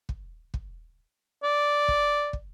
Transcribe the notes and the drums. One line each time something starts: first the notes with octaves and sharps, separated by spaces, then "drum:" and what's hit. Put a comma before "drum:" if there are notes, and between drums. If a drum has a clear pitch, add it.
drum: kick
drum: kick
D5
drum: kick
drum: kick